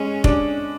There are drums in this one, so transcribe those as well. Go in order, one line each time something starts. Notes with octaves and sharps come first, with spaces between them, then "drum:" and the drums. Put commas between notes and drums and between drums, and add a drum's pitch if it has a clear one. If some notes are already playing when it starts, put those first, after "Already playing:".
Already playing: G#3 C#4
D4, drum: kick